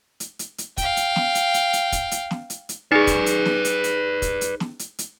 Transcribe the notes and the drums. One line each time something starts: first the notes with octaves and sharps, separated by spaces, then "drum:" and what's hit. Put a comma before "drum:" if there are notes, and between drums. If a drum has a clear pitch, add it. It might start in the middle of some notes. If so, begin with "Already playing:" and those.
drum: hi-hat
drum: hi-hat
drum: hi-hat
F5 G5, drum: kick, hi-hat
drum: hi-hat
drum: snare
drum: hi-hat
drum: hi-hat
drum: hi-hat
drum: kick, hi-hat
drum: hi-hat
drum: snare
drum: hi-hat
drum: hi-hat
D#4 G#4 B4 D5
drum: kick, hi-hat
drum: hi-hat
drum: snare
drum: hi-hat
drum: hi-hat
drum: kick, hi-hat
drum: hi-hat
drum: snare
drum: hi-hat
drum: hi-hat